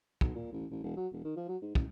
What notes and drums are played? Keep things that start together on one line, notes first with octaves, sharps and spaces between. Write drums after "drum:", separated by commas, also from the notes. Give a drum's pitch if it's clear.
B1, drum: kick
A#2
A1
A1
E1
F#3
E1
D#3
F3
F#3
G#2
A1, drum: kick